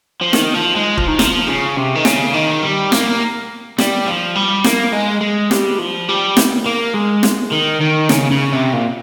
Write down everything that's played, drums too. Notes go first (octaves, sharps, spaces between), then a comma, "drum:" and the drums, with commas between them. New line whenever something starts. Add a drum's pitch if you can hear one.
F3
D#3, drum: snare
F3
G#3
F3, drum: kick
D#3
F3, drum: snare
C#3
C3
D#3
C#3, drum: snare
D#3
G3
A#3, drum: snare
G3, drum: snare
F3
G3
A#3, drum: snare
G#3
G#3
G3, drum: snare
F3
G3
drum: snare
A#3
G#3
drum: snare
D#3
D#3
C#3, drum: snare
C#3
C3
A#2